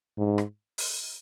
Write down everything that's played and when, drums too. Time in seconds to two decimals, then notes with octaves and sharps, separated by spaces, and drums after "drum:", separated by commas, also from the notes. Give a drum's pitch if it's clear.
0.18 G#2
0.38 drum: rim click
0.78 drum: open hi-hat